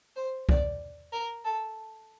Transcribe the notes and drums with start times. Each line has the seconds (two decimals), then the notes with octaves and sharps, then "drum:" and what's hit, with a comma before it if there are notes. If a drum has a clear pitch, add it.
0.16 C5
0.49 D5, drum: kick C2
1.13 A#4
1.45 A4